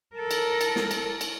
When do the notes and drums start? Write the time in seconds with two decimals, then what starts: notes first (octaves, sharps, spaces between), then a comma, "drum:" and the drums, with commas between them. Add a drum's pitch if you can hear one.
0.16 A4 A#4
0.31 drum: cymbal
0.61 drum: cymbal
0.76 drum: snare
0.91 drum: cymbal
1.21 drum: cymbal